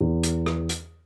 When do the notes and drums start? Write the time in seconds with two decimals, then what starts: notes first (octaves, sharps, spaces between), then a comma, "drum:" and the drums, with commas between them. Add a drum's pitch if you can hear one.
0.01 E2
0.23 drum: hi-hat
0.46 drum: rim click
0.69 drum: hi-hat